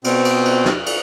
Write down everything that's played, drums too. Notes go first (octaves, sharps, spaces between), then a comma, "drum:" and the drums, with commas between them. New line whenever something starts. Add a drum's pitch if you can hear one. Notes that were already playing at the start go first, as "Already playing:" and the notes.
B2 C4, drum: cymbal
drum: cymbal
drum: cymbal
drum: snare
drum: cymbal